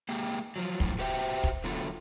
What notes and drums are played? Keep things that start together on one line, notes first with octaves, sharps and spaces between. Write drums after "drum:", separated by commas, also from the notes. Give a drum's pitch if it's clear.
G#3 A#3 G4
F3 F#3
F#2 A2 F3, drum: kick
F#4 G4 C5 E5 G5
drum: kick
D3 F#3 A3 B3 F4